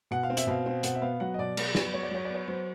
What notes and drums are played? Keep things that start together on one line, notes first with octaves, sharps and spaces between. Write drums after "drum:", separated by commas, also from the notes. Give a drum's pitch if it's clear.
B2 F#5
F5
C4
E5, drum: hi-hat
B2 F5
C4
B2 F#5, drum: hi-hat
E5
B3 F5
F#3 F#5
D#5
B2 D5
F#3, drum: cymbal
B3, drum: snare
F#3 C#5
D5
F#3 C#5
B3 D5
C#5
F#3 C5